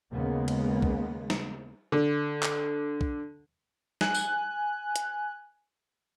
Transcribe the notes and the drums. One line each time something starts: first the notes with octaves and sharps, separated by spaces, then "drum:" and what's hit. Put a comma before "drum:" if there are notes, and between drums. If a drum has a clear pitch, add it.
D#2 C#3 G#3 A#3 B3
drum: cymbal
drum: kick B1
drum: snare
D3
drum: clap
drum: kick B1
G#5 F#6, drum: snare
drum: tambourine
drum: hi-hat